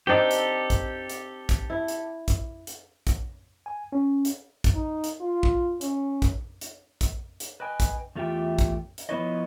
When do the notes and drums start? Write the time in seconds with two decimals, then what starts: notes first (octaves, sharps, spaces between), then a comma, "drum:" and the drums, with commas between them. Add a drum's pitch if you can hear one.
0.07 C4 D4 D#4 G4 A4
0.31 drum: hi-hat
0.70 drum: kick, hi-hat
1.10 drum: hi-hat
1.49 drum: kick, hi-hat
1.70 E4
1.88 drum: hi-hat
2.28 drum: kick, hi-hat
2.67 drum: hi-hat
3.07 drum: kick, hi-hat
3.66 G#5
3.92 C#4
4.25 drum: hi-hat
4.64 drum: kick, hi-hat
4.74 D#4
5.04 drum: hi-hat
5.21 F4
5.43 drum: kick
5.81 C#4, drum: hi-hat
6.22 drum: kick, hi-hat
6.61 drum: hi-hat
7.01 drum: kick, hi-hat
7.40 drum: hi-hat
7.60 B4 D#5 G5 G#5
7.80 drum: kick, hi-hat
8.15 E2 A3 F4 G4 E5 G5
8.59 drum: kick, hi-hat
8.98 drum: hi-hat
9.09 F3 B3 E4 B4 C#5 D#5